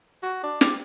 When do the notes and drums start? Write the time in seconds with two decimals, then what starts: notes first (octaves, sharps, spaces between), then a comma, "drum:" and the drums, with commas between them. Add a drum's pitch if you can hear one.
0.23 F#4
0.43 D4
0.61 D5, drum: snare